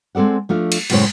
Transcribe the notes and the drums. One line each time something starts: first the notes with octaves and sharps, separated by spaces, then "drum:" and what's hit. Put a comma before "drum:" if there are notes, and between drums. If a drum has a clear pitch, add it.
G#3 C4 A4 D5 F#5
F3 A3 D4 F4
drum: cymbal
F#2 A2 C#3 G#3 C5 C#5, drum: cymbal